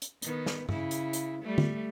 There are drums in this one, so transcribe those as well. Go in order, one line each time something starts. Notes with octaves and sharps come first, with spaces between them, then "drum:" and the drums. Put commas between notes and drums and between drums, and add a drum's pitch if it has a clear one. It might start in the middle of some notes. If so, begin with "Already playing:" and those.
drum: hi-hat
D#3 B3, drum: hi-hat
drum: snare
C#3 E4, drum: tom G2
drum: hi-hat
drum: hi-hat
G3 A3
drum: tom D3